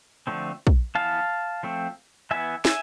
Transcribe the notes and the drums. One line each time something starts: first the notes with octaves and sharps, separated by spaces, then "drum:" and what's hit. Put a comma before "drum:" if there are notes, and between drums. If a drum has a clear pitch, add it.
D3 F3 A3 C4
drum: kick
E3 B3 F5 A5
F3 A3 C4
E3 B3 E5 G#5
E5 G#5, drum: snare